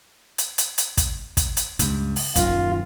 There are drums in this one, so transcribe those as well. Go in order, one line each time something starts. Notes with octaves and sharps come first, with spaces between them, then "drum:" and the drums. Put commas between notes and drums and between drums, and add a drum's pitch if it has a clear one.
drum: hi-hat
drum: hi-hat
drum: hi-hat
drum: kick, hi-hat
drum: kick, hi-hat
drum: hi-hat
C#2 G2, drum: hi-hat
drum: open hi-hat
D#1 F#2 D#3 F4, drum: kick, hi-hat